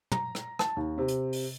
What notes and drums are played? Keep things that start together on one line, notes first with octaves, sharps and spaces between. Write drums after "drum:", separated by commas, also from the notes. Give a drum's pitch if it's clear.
A#5, drum: tom
drum: rim click
A5, drum: rim click
D#2
C3
drum: hi-hat
drum: open hi-hat